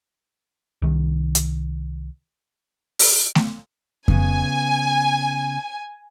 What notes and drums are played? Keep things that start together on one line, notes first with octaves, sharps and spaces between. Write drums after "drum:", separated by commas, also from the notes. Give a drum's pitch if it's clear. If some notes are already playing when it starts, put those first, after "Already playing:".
C2 D#3
drum: hi-hat
drum: open hi-hat
drum: snare A3
C#3 B3 G#5, drum: kick F2